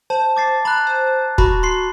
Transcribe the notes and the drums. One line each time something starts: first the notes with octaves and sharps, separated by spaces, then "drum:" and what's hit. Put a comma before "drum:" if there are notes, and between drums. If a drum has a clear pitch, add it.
C5 A5
D6 A6 C7
A#5 B5 F#6
C5
F#4 A#5 B5, drum: kick
C6 C7